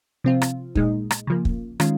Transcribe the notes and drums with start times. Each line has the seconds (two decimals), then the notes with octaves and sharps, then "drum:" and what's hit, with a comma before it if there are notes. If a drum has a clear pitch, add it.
0.24 C3 F3 C4 F4
0.42 drum: rim click
0.75 A#2 G#3 D#4, drum: kick
1.11 drum: rim click
1.27 C#3 F3 A#3
1.45 drum: kick
1.80 D#3 G#3 C#4 F4, drum: rim click